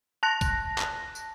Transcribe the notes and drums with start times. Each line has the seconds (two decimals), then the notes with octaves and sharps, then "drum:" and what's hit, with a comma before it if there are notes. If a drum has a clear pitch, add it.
0.23 A5 F#6 A#6
0.41 drum: kick, tambourine
0.78 drum: clap
1.15 drum: tambourine